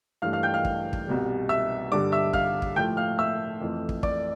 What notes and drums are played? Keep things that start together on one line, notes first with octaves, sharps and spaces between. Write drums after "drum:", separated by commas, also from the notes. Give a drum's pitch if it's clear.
G2 E3 A3 F5 F6
F5 F6
G5 G6
F5 F6
drum: kick
drum: kick
C2 B2 G3
E5 E6
G2 D3 G3 D5 D6
E5 E6
F5 F6, drum: kick
drum: kick
A2 F3 A3 G5 G6
F5 F6
E5 E6
F2 E3 A3
drum: kick
D5 D6, drum: kick